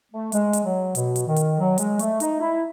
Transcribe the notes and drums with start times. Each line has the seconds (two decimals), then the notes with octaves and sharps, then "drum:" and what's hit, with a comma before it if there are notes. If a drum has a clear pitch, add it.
0.11 A3
0.32 G#3, drum: hi-hat
0.53 drum: hi-hat
0.64 F#3
0.95 B2, drum: hi-hat
1.16 drum: hi-hat
1.26 D#3
1.36 drum: hi-hat
1.58 F#3
1.78 G#3, drum: hi-hat
1.99 A3, drum: hi-hat
2.20 D#4, drum: hi-hat
2.40 E4